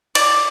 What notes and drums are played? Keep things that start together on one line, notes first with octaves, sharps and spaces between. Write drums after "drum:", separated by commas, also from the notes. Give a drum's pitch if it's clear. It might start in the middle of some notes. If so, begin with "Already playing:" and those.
D5, drum: cymbal